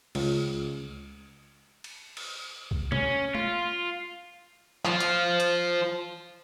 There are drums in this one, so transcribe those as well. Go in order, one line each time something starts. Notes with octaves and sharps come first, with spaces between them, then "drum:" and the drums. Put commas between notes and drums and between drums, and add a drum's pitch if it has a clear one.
C#2, drum: cymbal
drum: cymbal
drum: cymbal
drum: kick C2
C#4, drum: tom
F4, drum: tom G#3
F3 F4, drum: clap
drum: hi-hat
drum: hi-hat